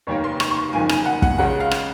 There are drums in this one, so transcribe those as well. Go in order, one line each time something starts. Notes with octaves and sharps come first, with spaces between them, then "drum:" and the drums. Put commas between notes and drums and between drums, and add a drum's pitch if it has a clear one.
F1 D#2 D#3 A#3 C#5
C6
C#6, drum: rim click
C#6
C6
F#1 F2 D#3 A#3 G#5
G#5, drum: rim click
F#5
F#5, drum: kick
C#2 C#3 G#3 F#5
F5
drum: rim click